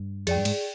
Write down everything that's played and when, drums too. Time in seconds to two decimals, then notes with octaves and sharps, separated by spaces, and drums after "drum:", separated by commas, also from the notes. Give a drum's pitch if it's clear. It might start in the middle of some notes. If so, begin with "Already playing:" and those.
Already playing: G2
0.27 F2 G#4 D5 G5, drum: cymbal
0.36 G2
0.45 G#2, drum: cymbal